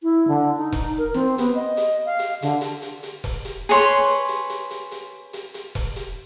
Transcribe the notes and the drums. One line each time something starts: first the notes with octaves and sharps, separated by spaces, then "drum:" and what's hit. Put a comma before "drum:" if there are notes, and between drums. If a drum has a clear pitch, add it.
E4
D3
D#4
drum: kick E1, open hi-hat
A#4
C4, drum: snare
B3, drum: hi-hat
D#5
drum: hi-hat
F5
drum: hi-hat
D3, drum: hi-hat
drum: hi-hat
drum: hi-hat
drum: hi-hat
drum: kick E1, open hi-hat
drum: hi-hat
G#4 B4 C#5 C6
drum: open hi-hat
drum: hi-hat
drum: hi-hat
drum: hi-hat
drum: hi-hat
drum: hi-hat
drum: hi-hat
drum: kick E1, open hi-hat
drum: hi-hat